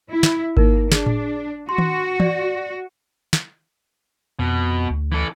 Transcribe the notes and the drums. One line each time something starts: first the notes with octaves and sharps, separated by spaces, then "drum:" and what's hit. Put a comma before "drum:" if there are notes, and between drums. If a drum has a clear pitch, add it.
E4
drum: snare
A#3 D#4 A#4, drum: kick G#1
D4 G#4, drum: snare
drum: tom A2
F#4 C6
drum: tom D#3
D5, drum: tom
drum: snare
F2 B2
D2
E3 A4